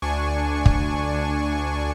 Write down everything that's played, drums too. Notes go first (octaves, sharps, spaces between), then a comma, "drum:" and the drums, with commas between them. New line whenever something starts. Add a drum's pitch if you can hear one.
D2 D4 G#5 C#6
drum: kick